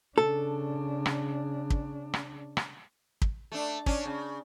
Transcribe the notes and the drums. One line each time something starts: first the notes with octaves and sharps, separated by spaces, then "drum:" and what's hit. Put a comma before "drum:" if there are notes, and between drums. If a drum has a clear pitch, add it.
C#3 D4 A4
drum: rim click
drum: kick
drum: rim click
drum: rim click
drum: kick
A3 D4
C#4 D4, drum: kick
C#3